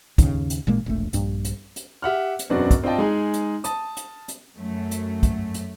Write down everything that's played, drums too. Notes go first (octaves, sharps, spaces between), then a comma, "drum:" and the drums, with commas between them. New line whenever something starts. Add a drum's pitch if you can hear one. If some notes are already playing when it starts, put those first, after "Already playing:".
D#2 C#3, drum: kick, hi-hat
drum: hi-hat
A1 A#2 G#3 A#3
E1 A#1 A3
A#1 G2, drum: hi-hat
drum: hi-hat
drum: hi-hat
G4 E5 F#5 F6
drum: hi-hat
E1 F#2 B3 C4 D4 F#4
drum: kick, hi-hat
C4 D4 F4 D#5 G5 A5
G#3 D#4 G#4 G#5
drum: hi-hat
A5 D#6, drum: hi-hat
drum: hi-hat
drum: hi-hat
F#2 A3
drum: hi-hat
drum: kick, hi-hat
drum: hi-hat